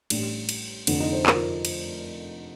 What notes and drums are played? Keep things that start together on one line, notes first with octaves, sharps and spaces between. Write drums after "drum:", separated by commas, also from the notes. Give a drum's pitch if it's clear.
A1 A2 G3 D4, drum: cymbal
drum: cymbal
F1 F2 D3 D4, drum: cymbal
D#4
C5
A#4, drum: clap
F4
drum: cymbal